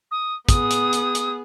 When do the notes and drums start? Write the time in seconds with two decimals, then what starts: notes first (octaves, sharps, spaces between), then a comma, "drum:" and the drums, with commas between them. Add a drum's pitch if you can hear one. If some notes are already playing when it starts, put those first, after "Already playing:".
0.11 D#6
0.49 B3 G#4 D#6, drum: kick, hi-hat
0.71 drum: hi-hat
0.93 drum: hi-hat
1.15 drum: hi-hat